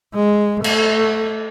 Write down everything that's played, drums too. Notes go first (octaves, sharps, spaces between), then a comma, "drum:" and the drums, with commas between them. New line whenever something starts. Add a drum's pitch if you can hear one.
G#3
A3, drum: cymbal